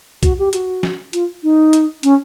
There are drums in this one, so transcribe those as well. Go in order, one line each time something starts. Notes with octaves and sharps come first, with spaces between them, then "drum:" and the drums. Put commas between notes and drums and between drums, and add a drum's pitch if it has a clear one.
F#4, drum: kick C2, hi-hat
G4
F#4, drum: hi-hat
drum: snare
F4, drum: hi-hat
D#4
drum: hi-hat
C#4, drum: hi-hat